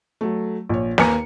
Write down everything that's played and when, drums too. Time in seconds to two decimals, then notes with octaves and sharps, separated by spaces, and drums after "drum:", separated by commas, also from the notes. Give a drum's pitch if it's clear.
0.21 F#3 A3
0.70 A#1 C#5
0.98 D#2 A#3 B4 G#5 A#5 C#7, drum: snare